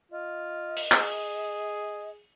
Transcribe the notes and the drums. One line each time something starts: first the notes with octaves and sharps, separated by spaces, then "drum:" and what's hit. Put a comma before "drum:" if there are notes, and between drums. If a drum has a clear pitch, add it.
F4 D#5
drum: open hi-hat
G#4, drum: clap